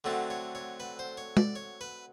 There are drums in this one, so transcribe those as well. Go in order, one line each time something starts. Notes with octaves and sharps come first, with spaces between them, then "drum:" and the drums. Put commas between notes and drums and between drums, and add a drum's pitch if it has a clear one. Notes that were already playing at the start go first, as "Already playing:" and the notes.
D3 F#3 A3 C4
C#5
C#5
B4
C5
C#5
D5, drum: tom G#3
C#5
B4